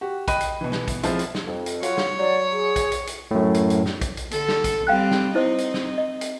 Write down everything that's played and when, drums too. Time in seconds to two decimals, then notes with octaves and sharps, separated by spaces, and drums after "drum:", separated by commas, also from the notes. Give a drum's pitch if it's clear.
0.01 F#4 G4
0.28 D#5 G5 B5 F#6 D#7, drum: kick A#1, hi-hat
0.41 drum: hi-hat
0.61 B2 E3
0.72 drum: snare
0.88 drum: kick A#1, hi-hat
1.03 F3 G#3 C4 E4 F4, drum: hi-hat
1.19 drum: hi-hat
1.35 drum: snare
1.47 F2
1.66 drum: hi-hat
1.83 F#3 F4 F#4 C#5, drum: hi-hat
1.97 drum: snare
2.19 F#3 D5
2.51 G#4
2.76 drum: kick A#1, hi-hat
2.92 drum: hi-hat
3.07 drum: hi-hat
3.31 F#2 A2
3.54 drum: hi-hat
3.70 drum: hi-hat
3.86 drum: snare
4.01 drum: kick A#1, hi-hat
4.17 drum: hi-hat
4.31 D3 A4, drum: hi-hat
4.49 drum: snare
4.64 drum: kick A#1, hi-hat
4.87 G3 C4 F5 G5 F#6
5.11 drum: snare
5.35 C4 D#4 E4 C5 D#5
5.58 drum: hi-hat
5.74 drum: snare
5.98 D#5
6.21 drum: hi-hat